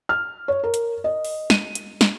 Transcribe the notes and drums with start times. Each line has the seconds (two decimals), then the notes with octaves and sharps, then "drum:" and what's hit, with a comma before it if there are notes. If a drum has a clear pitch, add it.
0.09 F6
0.48 C#5
0.63 A#4
0.74 drum: hi-hat
1.04 D#5
1.25 drum: open hi-hat
1.50 D#7, drum: snare
1.75 drum: hi-hat
2.01 drum: snare